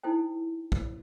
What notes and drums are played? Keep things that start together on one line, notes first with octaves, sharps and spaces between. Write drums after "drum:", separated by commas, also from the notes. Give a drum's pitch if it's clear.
D#4 E4 A4 C5 G5
drum: kick